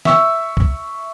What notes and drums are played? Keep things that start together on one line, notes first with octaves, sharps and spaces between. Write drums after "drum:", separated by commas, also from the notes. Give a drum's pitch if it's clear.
E5 C#6 E6, drum: snare
drum: kick